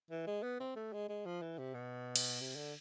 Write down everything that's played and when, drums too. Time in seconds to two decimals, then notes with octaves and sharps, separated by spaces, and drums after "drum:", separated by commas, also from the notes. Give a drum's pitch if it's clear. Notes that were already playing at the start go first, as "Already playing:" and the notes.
0.10 E3
0.27 G#3
0.43 B3
0.60 C4
0.76 A3
0.93 G#3
1.09 G#3
1.26 F3
1.42 E3
1.58 C3
1.74 B2
2.16 drum: cymbal
2.41 C3
2.56 D3